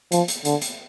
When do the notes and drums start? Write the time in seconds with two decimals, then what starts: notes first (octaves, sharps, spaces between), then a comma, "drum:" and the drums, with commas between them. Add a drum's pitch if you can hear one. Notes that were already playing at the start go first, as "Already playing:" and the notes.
0.12 F3, drum: hi-hat
0.28 drum: hi-hat
0.45 D3, drum: hi-hat
0.61 drum: hi-hat